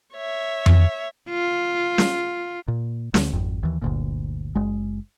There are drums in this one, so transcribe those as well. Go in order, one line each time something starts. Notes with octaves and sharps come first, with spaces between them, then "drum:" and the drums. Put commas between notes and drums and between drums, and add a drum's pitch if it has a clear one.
C#5 E5
drum: tom F2
F4
drum: snare
A#2
D2, drum: snare
G#1 F2
D#2 E3
G1 D2 A#2
F#1 G#3